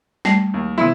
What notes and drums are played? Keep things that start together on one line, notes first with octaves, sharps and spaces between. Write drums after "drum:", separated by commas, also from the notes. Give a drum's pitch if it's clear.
G3 A3, drum: snare
D#2
C3 B3 E4 C6, drum: tom